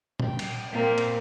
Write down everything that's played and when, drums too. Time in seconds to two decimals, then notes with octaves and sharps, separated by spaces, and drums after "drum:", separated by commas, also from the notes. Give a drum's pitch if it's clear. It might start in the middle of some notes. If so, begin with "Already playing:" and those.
0.20 G5, drum: tom
0.39 drum: cymbal
0.71 A#2 A#3 C4
0.98 drum: cymbal